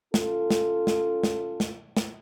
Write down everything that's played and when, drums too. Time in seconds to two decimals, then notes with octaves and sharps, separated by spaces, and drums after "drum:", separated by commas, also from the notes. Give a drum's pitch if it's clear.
0.14 C#4 F4 A4, drum: snare
0.50 drum: snare
0.87 drum: snare
1.24 drum: snare
1.60 drum: snare
1.97 drum: snare